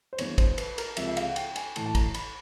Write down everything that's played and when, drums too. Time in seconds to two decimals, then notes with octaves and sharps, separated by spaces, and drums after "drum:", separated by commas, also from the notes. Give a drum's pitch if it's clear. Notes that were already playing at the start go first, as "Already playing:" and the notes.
0.13 C5
0.18 G2 E3 G#3 B3 C#5, drum: cymbal
0.38 C5, drum: kick, cymbal
0.58 B4, drum: cymbal
0.78 A#4, drum: cymbal
0.97 C#2 C3 F3 G#3 E5, drum: cymbal
1.07 E5
1.17 F5, drum: cymbal
1.29 F#5
1.36 G5, drum: cymbal
1.56 G#5, drum: cymbal
1.76 A2 E3 A3 A5, drum: cymbal
1.86 A5
1.95 A#5, drum: kick, cymbal
2.14 B5, drum: cymbal